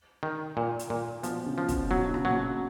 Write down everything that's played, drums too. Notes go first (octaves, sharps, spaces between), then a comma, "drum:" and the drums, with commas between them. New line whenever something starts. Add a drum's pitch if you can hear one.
D#3
A#2
drum: hi-hat
A#2
B2 F3, drum: hi-hat
C#3
F3
B2, drum: kick, hi-hat
B2 F#3
C#3
B2, drum: rim click
A#2 F#3
B2